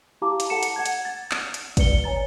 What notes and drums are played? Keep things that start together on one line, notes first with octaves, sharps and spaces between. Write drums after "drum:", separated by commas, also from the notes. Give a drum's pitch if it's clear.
E4 G4 F5 A5 A#5 D6
drum: hi-hat
A4 F#5 A5 A#5 C#7 E7
drum: hi-hat
F#5 G#6
drum: hi-hat
A6
drum: clap
drum: hi-hat
B4 D5 C#7 G7, drum: kick, hi-hat
C#5 G#5 A#5 A6